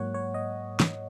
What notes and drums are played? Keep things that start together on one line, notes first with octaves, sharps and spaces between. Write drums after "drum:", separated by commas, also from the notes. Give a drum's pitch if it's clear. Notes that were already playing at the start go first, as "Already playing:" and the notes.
Already playing: G#2 F#3 A#3 C#5 F#5
C#5
D#5
drum: snare